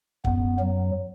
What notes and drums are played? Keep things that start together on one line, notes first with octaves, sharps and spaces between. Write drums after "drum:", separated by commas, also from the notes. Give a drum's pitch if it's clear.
F#2 B3, drum: kick
F#3